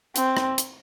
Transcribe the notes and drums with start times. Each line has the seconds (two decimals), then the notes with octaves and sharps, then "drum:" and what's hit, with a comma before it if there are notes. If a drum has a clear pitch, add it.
0.16 C4, drum: hi-hat
0.37 drum: rim click
0.58 drum: hi-hat